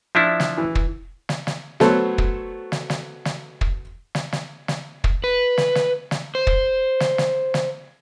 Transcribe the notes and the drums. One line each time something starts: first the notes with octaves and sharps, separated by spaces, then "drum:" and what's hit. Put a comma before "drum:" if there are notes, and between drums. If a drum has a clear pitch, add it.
F3 D4 E4 E5
drum: snare
E3
drum: kick
drum: snare
drum: snare
F#3 A3 B3 A4 C5 C#5, drum: snare
drum: kick
drum: snare
drum: snare
drum: snare
drum: kick
drum: snare
drum: snare
drum: snare
drum: kick
B4
drum: snare
drum: snare
drum: snare
C5
drum: kick
drum: snare
drum: snare
drum: snare